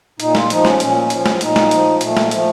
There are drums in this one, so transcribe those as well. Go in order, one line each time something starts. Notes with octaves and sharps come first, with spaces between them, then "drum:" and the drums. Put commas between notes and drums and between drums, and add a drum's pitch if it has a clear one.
A#2 D#4, drum: hi-hat
F4, drum: snare
F3 D#4, drum: hi-hat
C#4, drum: snare
A#2 C#4, drum: hi-hat
F3, drum: hi-hat
drum: snare
A#2 D#4, drum: hi-hat
drum: snare
F3, drum: hi-hat
A#2 A3, drum: hi-hat
drum: snare
F3 A3, drum: hi-hat